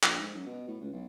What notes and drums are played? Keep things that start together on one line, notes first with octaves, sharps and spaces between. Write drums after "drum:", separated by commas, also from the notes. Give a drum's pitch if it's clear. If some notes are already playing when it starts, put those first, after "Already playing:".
A#1, drum: clap
G#2
F#2
B2
A2
C#2
B1